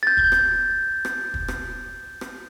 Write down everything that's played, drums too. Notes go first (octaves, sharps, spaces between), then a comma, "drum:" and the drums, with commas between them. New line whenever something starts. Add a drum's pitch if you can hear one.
G6 A6
drum: kick
drum: rim click
drum: rim click
drum: kick
drum: rim click
drum: rim click